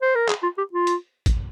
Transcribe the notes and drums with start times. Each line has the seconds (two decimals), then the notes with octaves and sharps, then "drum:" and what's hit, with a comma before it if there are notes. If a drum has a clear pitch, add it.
0.02 C5
0.16 A#4
0.29 G#4, drum: clap
0.43 F4
0.58 G4
0.73 F4
0.87 drum: hi-hat
1.26 drum: kick, hi-hat